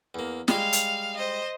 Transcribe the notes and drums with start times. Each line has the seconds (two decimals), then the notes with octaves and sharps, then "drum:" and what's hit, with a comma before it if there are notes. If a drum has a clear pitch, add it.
0.14 E2 A#3
0.48 G3 G#3 F5, drum: snare
0.73 drum: hi-hat
1.17 C5 D#5